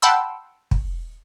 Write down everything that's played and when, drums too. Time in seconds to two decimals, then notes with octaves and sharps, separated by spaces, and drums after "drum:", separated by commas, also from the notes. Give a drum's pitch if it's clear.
0.02 F#5 G5 A5 B5 C6 E6
0.71 drum: kick